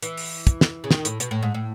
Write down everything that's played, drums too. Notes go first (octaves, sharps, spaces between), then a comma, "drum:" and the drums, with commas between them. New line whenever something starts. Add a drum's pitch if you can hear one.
E3, drum: hi-hat
drum: open hi-hat
drum: kick, hi-hat
drum: snare
C#3
D#3, drum: snare
A2, drum: hi-hat
B2, drum: hi-hat
A2
G#2
A2